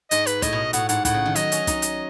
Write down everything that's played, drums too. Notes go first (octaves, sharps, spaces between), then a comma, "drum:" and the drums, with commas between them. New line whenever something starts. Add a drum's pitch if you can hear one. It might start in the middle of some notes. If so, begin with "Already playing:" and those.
G#2 D#5, drum: hi-hat
B4, drum: hi-hat
A2 D#5, drum: kick, hi-hat
B2
A2 F#5, drum: hi-hat
G#2 F#5, drum: hi-hat
A2 F#5, drum: kick, hi-hat
C#3
D#3
F#3 D#5, drum: hi-hat
C#4, drum: hi-hat
D#4, drum: kick, hi-hat
drum: hi-hat